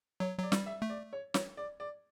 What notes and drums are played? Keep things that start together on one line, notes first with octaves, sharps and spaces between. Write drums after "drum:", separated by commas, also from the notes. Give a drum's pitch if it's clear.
F#3 C#5
F#3 D5
G3, drum: snare
E5
A3
D5
C#5
C#5, drum: snare
D5
D5